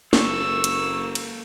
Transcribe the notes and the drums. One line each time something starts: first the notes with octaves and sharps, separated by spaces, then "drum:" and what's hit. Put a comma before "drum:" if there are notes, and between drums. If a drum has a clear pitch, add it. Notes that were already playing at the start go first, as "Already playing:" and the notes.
F#1 A#3 A4 C#6 E6, drum: snare
drum: hi-hat
drum: cymbal